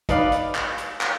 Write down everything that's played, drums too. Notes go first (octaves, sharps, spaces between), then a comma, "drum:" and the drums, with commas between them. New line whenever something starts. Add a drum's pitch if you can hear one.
D#4 B4 D5 F5, drum: kick, hi-hat
drum: hi-hat
drum: clap
drum: hi-hat
drum: clap